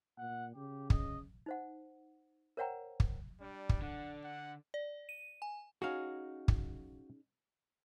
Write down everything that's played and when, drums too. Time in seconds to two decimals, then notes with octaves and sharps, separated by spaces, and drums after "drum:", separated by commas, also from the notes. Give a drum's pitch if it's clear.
0.18 A#2 F#5
0.55 C#3 G4
0.90 D#5, drum: kick
1.46 D#4 C5 F#5
2.57 A#4 C5 C#5 F#5 G5 A#5
3.00 drum: kick
3.41 G3 D4
3.69 drum: kick
3.82 D3 F#5
4.24 F#5
4.74 D5
5.09 D#7
5.42 G#5
5.82 C#4 D#4 F#4 G#4 F5
6.48 drum: kick